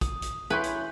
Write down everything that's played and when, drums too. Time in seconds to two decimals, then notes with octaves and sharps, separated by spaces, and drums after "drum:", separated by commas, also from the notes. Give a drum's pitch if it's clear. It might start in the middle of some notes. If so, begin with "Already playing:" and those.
0.01 D#6, drum: kick, hi-hat
0.22 drum: hi-hat
0.50 E4 B4 C#5 G#5 C6 F#6 G6
0.64 drum: hi-hat